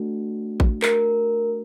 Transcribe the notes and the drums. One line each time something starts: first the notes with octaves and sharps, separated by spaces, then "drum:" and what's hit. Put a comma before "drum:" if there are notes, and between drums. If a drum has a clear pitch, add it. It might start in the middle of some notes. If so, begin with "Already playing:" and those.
Already playing: A3 D4 F#4 A4
drum: kick A1
A#4, drum: clap